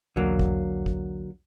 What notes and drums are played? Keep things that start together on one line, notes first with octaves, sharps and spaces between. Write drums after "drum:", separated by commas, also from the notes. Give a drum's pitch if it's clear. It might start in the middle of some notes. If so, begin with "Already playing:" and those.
B1 E2 D3 F#3 A#3
drum: kick
drum: kick